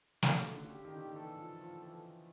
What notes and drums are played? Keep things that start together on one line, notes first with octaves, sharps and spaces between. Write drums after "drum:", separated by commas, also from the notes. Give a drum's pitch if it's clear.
C#3 F#4, drum: snare
D3
G4
D#3
D3
D#3
E3 A4
F3
F3
E3